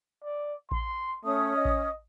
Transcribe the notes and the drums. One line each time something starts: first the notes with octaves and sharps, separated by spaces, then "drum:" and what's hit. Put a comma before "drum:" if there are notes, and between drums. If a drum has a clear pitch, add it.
D5
C6, drum: kick A1
A3 C#4 D#6
D#5
drum: kick A1